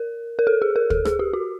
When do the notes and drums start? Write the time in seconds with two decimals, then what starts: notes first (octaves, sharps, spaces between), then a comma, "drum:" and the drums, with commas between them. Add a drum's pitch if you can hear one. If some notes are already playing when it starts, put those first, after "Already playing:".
Already playing: A#4
0.39 A#4
0.47 A4
0.62 G#4
0.76 A#4
0.90 A4, drum: kick
1.05 G#4, drum: rim click
1.19 G4
1.33 F#4